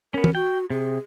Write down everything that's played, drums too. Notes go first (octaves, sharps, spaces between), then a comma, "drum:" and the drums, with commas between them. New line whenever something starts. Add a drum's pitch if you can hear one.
B3 C#4 A#4
drum: tom
F#4 G5
C3 G#4